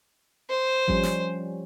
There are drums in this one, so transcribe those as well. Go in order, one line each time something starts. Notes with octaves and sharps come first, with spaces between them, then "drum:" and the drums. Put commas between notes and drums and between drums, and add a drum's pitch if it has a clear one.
C5
F3 G3 C#4, drum: kick G#1
drum: snare